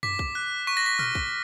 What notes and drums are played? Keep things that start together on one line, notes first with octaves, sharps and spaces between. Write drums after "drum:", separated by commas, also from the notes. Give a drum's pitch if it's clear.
D6 B6, drum: tom F#2
drum: kick
F#6
C#6 B6
A#6
B6
F6, drum: tom A#2
drum: kick